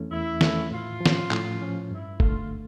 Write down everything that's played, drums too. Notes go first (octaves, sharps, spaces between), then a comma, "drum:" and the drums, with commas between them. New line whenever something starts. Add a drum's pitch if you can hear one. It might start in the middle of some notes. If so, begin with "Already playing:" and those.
Already playing: E2 E3 A3 C#4
E2 E4
E3 A3 C#4, drum: snare
A2 F4
F3
C#4, drum: snare
A2, drum: clap
F3 C#4
G2 E4
D3 A3 F4, drum: kick G1